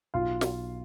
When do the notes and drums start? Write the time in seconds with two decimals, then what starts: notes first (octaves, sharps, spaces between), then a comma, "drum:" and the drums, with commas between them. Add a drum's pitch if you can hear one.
0.14 B1 F4 F5
0.41 drum: snare